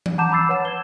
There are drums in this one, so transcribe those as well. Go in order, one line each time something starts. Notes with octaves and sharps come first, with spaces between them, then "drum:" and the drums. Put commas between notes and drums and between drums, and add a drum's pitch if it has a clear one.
D5, drum: tom E3
F#5 A5 A#5 D6 G6 E7
B5 D6 E6 A6 C7
B4 C#5 F#5 A5 E7
G#6 G7